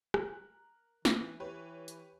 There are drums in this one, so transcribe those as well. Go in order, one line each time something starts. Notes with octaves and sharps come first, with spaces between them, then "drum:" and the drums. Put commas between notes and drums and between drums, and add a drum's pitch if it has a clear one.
A#4 F#6, drum: rim click
E3, drum: snare
E3 G4 B4 C#5
drum: hi-hat